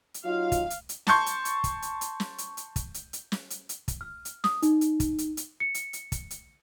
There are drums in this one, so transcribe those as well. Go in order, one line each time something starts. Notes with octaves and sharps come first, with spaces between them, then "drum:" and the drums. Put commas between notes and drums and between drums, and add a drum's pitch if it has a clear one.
drum: hi-hat
F#3 D#4 F4 F5
drum: kick, hi-hat
drum: hi-hat
drum: hi-hat
A5 C6 C#6 G6, drum: snare
drum: hi-hat
drum: hi-hat
drum: kick, hi-hat
drum: hi-hat
drum: hi-hat
drum: snare
drum: hi-hat
drum: hi-hat
drum: kick, hi-hat
drum: hi-hat
drum: hi-hat
drum: snare
drum: hi-hat
drum: hi-hat
drum: kick, hi-hat
F6
drum: hi-hat
D#6, drum: snare
D#4, drum: hi-hat
drum: hi-hat
drum: kick, hi-hat
drum: hi-hat
drum: hi-hat
C#7
drum: hi-hat
drum: hi-hat
drum: kick, hi-hat
drum: hi-hat